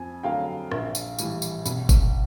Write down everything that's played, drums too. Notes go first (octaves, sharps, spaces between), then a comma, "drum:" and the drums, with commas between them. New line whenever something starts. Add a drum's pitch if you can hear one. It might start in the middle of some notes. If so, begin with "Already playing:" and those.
Already playing: F2 G#5
D3 F#3 A3 F5 G5
A#1, drum: rim click
drum: tambourine
A2 E3 G3, drum: tambourine
drum: tambourine
B1, drum: tambourine
drum: kick G1, tambourine